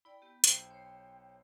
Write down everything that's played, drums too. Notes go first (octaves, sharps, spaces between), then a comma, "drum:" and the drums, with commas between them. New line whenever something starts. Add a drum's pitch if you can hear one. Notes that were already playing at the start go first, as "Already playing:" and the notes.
E4 D5 G5 B5
B3 G4 G5
B1 C5 G5 C7, drum: hi-hat
C#5 C6